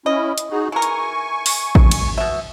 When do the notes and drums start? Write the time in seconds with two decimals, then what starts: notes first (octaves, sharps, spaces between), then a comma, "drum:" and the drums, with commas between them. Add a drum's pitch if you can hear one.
0.06 C#4 E4 D#5
0.38 drum: hi-hat
0.50 D#4 F#4 G#4
0.72 E3 A#4 G#5 C#6
0.82 drum: hi-hat
1.46 drum: open hi-hat
1.75 drum: kick A1
1.91 drum: cymbal
2.18 B2 E5